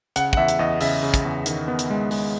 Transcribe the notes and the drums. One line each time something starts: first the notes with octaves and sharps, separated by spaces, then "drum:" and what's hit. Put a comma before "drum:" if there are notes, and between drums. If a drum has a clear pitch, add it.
C#3 F#5, drum: hi-hat
F#5, drum: kick
E2 E5
drum: hi-hat
E2 D#5
C#3 E5, drum: open hi-hat
C#3
drum: kick, hi-hat
E2
D#3, drum: hi-hat
B3
drum: hi-hat
G#3
G#3, drum: open hi-hat